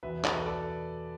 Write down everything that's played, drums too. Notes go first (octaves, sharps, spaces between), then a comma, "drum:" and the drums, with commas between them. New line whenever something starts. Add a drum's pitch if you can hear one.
E2 B2 B4 E5
A4, drum: clap
B4
A4 D5